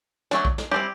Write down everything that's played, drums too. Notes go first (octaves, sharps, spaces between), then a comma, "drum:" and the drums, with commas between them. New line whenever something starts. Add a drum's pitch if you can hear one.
F#3 A3 D4, drum: snare
drum: kick A#1
drum: snare
G3 C4 E4 G4